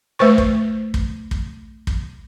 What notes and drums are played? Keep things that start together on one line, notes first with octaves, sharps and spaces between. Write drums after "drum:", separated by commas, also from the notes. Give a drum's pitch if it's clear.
A3 B4 C5 C#6
drum: kick
drum: kick
drum: kick
drum: kick